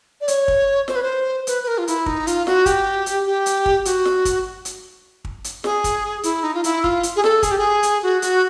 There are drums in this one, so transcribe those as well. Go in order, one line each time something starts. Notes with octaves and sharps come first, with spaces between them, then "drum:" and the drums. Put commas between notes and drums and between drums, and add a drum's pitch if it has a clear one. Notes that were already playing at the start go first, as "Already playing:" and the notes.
D5
C#5, drum: hi-hat
drum: kick
C5, drum: snare
B4
C5
B4, drum: hi-hat
B4
A#4
F4
E4, drum: hi-hat
D#4, drum: kick
F4, drum: hi-hat
F#4, drum: snare
G4, drum: kick, hi-hat
drum: hi-hat
G4
drum: hi-hat
drum: kick
F#4, drum: hi-hat
drum: snare
drum: kick, hi-hat
drum: hi-hat
drum: kick
drum: hi-hat
G#4, drum: snare
drum: kick, hi-hat
E4, drum: hi-hat
D#4
F4
E4, drum: hi-hat
F4, drum: kick
drum: hi-hat
G#4
A4, drum: snare
G#4, drum: kick, hi-hat
G4
G#4
drum: hi-hat
F#4
F#4, drum: hi-hat